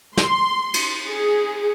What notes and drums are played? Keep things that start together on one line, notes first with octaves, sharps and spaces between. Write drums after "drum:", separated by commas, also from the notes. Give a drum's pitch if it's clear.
C6, drum: snare
drum: cymbal
G#4